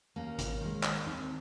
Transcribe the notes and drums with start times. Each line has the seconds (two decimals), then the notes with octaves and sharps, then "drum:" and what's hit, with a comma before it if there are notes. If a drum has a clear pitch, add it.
0.16 D#2 A#3 C#4
0.39 drum: kick G#1, hi-hat
0.61 D#3 G#3
0.83 drum: clap
1.06 D#2 C4 D#4